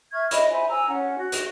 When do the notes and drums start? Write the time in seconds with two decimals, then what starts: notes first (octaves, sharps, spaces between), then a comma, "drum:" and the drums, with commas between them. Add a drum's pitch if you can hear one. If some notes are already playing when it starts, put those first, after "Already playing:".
0.13 E5 C#6 F6 G#6
0.31 D#5 E5 B5, drum: hi-hat
0.51 C5 E5 G#5 B5
0.70 G#5 A#5 E6
0.87 C#4 F#5
1.17 F#4
1.32 drum: hi-hat